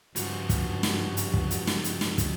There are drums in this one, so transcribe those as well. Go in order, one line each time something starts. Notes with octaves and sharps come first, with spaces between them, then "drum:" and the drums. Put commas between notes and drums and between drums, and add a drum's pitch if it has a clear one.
G2 C#3 F3 F#4, drum: hi-hat
drum: kick, hi-hat
drum: snare
drum: hi-hat
drum: kick
drum: hi-hat
drum: snare
drum: hi-hat
drum: snare
drum: kick, hi-hat